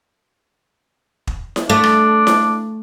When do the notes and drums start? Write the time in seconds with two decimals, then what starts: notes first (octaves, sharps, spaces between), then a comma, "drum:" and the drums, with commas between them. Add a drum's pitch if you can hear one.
1.27 drum: kick
1.56 drum: snare E4
1.70 A3 D4
1.84 drum: rim click
2.27 drum: snare E4